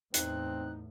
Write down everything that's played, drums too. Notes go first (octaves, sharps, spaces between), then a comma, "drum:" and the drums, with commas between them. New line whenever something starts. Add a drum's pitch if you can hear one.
E2 A2 C4 D#4 F#6, drum: hi-hat